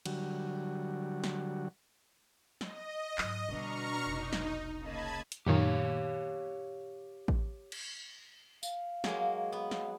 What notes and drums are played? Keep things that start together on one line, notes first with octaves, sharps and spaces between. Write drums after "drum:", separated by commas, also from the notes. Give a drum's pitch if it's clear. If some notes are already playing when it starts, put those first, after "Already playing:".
D3 F#3 G3 F#4, drum: cymbal
drum: snare
D#5, drum: snare
G#2 F#3, drum: clap
B2 D3 G3 D4 A#5 C#6 F6
F1 C2 D#4
drum: snare
C#3 A#3 D#5 A5 B5 G#6
drum: hi-hat
F#2 A#2 D#3 G4 C#5 F5
drum: kick A1
drum: cymbal
F5, drum: tambourine
F#3 G#3 A#3, drum: snare
B3
drum: snare